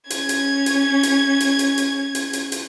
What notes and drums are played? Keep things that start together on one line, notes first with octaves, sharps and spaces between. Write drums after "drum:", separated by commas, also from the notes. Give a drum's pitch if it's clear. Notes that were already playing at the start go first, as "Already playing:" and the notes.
C#4 G#6, drum: hi-hat
drum: hi-hat
drum: hi-hat
drum: hi-hat
drum: hi-hat
drum: hi-hat
drum: hi-hat
drum: hi-hat
drum: hi-hat
drum: hi-hat